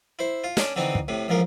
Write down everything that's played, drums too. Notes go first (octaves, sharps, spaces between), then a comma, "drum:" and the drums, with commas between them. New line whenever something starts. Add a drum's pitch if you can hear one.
E4 C5
F4
C#4 D4, drum: snare
D3 E3 C4 D#4
drum: kick
A2 C3
A1 G#2 F3 A#4